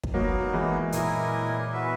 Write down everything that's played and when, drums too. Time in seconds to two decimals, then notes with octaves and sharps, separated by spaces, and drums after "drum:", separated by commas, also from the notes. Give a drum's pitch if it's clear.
0.03 drum: kick
0.14 F#3 A#3 B3 D#4 F#4
0.53 E3 G#3
0.92 A#2 E4 A#4 D#5 G#5, drum: hi-hat
1.72 B3 F#4 B4 E5